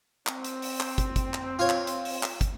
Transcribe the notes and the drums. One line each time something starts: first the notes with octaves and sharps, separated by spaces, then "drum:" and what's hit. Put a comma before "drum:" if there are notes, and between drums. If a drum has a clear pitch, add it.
C4, drum: clap
drum: hi-hat
drum: open hi-hat
drum: clap
drum: kick, hi-hat
drum: kick, hi-hat
drum: clap
F4 C#5
drum: clap
drum: hi-hat
drum: open hi-hat
drum: clap
drum: kick, hi-hat